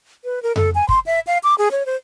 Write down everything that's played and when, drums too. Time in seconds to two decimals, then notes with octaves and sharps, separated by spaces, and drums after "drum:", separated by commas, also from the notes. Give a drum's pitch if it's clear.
0.25 B4
0.43 A#4
0.56 A4, drum: tom F2
0.75 G#5
0.89 C6, drum: kick
1.06 E5
1.27 F5
1.43 D6
1.58 G#4
1.71 C#5
1.86 C5